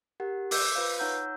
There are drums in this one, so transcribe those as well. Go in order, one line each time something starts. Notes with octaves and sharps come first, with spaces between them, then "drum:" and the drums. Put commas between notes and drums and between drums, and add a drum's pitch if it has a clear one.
G4 A#4 F#5
D6 E6 G6, drum: open hi-hat
F4 B4 C5 F5
D#4 C#5 F#5 A#5 E6 G6